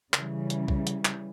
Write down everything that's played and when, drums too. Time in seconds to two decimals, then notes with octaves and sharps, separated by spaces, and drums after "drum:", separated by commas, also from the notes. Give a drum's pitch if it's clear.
0.14 C#3 E3 G3, drum: clap
0.50 drum: hi-hat
0.68 drum: kick B1
0.87 drum: hi-hat
1.05 drum: clap